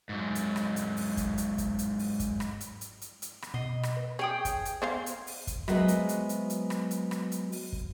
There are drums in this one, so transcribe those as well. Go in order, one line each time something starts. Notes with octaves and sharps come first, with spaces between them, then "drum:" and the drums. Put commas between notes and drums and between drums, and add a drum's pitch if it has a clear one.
G#2 F#3
drum: hi-hat
drum: rim click
drum: hi-hat
drum: open hi-hat
drum: kick, hi-hat
drum: hi-hat
drum: kick, hi-hat
drum: hi-hat
drum: open hi-hat
drum: kick, hi-hat
drum: rim click
drum: hi-hat
drum: hi-hat
drum: hi-hat
drum: hi-hat
drum: rim click
B2 D#5 C7
drum: rim click
B4
C#4 G#4 G5 D#6
drum: kick, hi-hat
drum: hi-hat
B3 C5 F5 G#5
drum: hi-hat
drum: open hi-hat
drum: kick, hi-hat
F#3 G#3 B3 F#4 C5 E5, drum: rim click
drum: hi-hat
drum: hi-hat
drum: hi-hat
drum: hi-hat
drum: rim click
drum: hi-hat
drum: rim click
drum: hi-hat
drum: open hi-hat
drum: kick